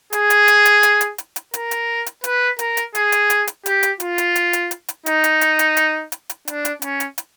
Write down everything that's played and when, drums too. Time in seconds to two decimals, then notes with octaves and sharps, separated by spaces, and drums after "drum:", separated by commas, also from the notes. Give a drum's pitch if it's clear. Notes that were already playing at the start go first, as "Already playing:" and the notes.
0.13 G#4, drum: hi-hat
0.30 drum: hi-hat
0.48 drum: hi-hat
0.65 drum: hi-hat
0.83 drum: hi-hat
1.01 drum: hi-hat
1.18 drum: hi-hat
1.36 drum: hi-hat
1.54 A#4, drum: hi-hat
1.71 drum: hi-hat
2.06 drum: hi-hat
2.24 B4, drum: hi-hat
2.59 A#4, drum: hi-hat
2.77 drum: hi-hat
2.95 G#4, drum: hi-hat
3.12 drum: hi-hat
3.30 drum: hi-hat
3.47 drum: hi-hat
3.66 G4, drum: hi-hat
3.83 drum: hi-hat
4.00 F4, drum: hi-hat
4.18 drum: hi-hat
4.36 drum: hi-hat
4.53 drum: hi-hat
4.71 drum: hi-hat
4.89 drum: hi-hat
5.06 D#4, drum: hi-hat
5.24 drum: hi-hat
5.41 drum: hi-hat
5.59 drum: hi-hat
5.77 drum: hi-hat
6.12 drum: hi-hat
6.30 drum: hi-hat
6.48 D4, drum: hi-hat
6.65 drum: hi-hat
6.82 C#4, drum: hi-hat
7.00 drum: hi-hat
7.18 drum: hi-hat